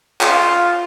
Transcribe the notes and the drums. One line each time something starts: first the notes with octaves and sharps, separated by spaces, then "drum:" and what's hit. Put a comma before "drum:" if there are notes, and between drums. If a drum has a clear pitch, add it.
F4, drum: clap